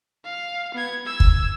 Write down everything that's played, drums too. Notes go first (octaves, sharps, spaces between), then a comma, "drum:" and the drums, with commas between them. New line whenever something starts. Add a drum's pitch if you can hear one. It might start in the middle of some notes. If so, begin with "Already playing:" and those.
F5
B3 G#6
E6 G#6
drum: kick